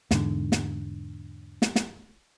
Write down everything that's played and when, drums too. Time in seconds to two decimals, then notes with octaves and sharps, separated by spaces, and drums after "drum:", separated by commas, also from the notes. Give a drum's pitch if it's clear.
0.11 E2 G#2 D3, drum: snare
0.52 drum: snare
1.62 drum: snare
1.76 drum: snare